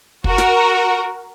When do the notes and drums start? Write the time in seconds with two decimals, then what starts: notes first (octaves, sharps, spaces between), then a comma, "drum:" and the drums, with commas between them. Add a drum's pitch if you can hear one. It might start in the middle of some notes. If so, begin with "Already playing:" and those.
0.24 F#4 A#4, drum: kick
0.38 drum: snare